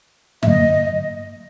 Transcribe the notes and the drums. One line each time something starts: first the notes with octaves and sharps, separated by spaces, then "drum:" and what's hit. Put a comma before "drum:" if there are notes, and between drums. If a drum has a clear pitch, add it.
E5, drum: tom G2
D3 F#3 A#3 D#5